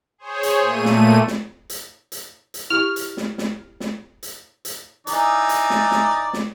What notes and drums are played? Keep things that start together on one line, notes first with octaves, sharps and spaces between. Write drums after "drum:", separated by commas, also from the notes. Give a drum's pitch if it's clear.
G#4 C5 C#5
drum: hi-hat
A#2 A3 D#7
drum: snare
drum: snare
drum: hi-hat
drum: hi-hat
drum: hi-hat
E4 G4 C#6 F6
drum: hi-hat
drum: snare
drum: snare
drum: snare
drum: hi-hat
drum: hi-hat
E3 D#4 D5, drum: hi-hat
drum: hi-hat
drum: snare
drum: snare
drum: snare